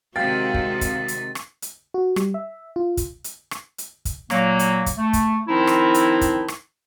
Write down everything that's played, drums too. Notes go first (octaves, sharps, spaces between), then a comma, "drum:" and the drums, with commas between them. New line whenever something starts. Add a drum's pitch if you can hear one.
C3 D#3 G#3 C4 F#4 F5 G5 A6
drum: kick
drum: kick, hi-hat
drum: hi-hat
drum: rim click
drum: hi-hat
F#4
G3, drum: rim click
E5
F4
drum: kick, hi-hat
drum: hi-hat
drum: rim click
drum: hi-hat
drum: kick, hi-hat
A#2 F#3 A#3, drum: rim click
drum: hi-hat
drum: kick, hi-hat
A3
drum: kick, hi-hat
D#3 F3 C4 D#4 E4
drum: rim click
drum: hi-hat
drum: kick, hi-hat
drum: rim click